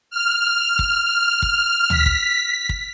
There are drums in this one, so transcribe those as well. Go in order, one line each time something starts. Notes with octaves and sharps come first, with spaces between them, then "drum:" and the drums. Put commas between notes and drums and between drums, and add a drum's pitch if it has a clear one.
F6
drum: kick
drum: kick
B6, drum: tom
drum: kick
drum: kick